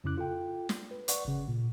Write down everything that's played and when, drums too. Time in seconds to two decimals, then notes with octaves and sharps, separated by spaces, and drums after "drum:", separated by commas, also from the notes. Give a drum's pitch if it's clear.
0.04 F2 C#3 C#4 E4 D6 F#6
0.18 F4 A4 G5
0.69 drum: snare
0.91 B4
1.08 B4 D5 F#5 C#6, drum: hi-hat
1.25 G1 C#3
1.48 A#2